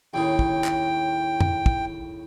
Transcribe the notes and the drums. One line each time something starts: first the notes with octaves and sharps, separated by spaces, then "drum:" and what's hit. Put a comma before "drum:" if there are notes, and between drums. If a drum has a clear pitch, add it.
D#2 A2 C#3 G5
drum: kick
drum: clap
drum: tom
drum: kick